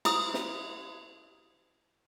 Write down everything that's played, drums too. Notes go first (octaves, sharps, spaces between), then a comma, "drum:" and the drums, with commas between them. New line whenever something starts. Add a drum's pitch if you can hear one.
E4 D#6, drum: cymbal
drum: snare